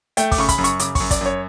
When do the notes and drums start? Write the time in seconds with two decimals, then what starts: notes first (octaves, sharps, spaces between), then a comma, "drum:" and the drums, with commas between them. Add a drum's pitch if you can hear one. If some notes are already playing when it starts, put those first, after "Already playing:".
0.17 A3 G5, drum: hi-hat
0.32 D6, drum: kick, open hi-hat
0.38 C#3 C#6
0.49 B5, drum: kick, hi-hat
0.58 F#2
0.64 C#6, drum: hi-hat
0.79 C#3 D6, drum: hi-hat
0.95 C#6, drum: kick, open hi-hat
1.00 F#2
1.11 D5, drum: kick, hi-hat
1.21 F#2 C#5